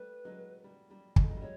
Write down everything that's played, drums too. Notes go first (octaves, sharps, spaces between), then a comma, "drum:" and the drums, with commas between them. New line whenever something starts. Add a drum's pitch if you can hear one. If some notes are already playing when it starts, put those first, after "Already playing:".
Already playing: G3 A3 B4
F#3 G#3
G3
G3
G#3, drum: kick
A3
F#3 G#3
G3
F#3 G#3 C#5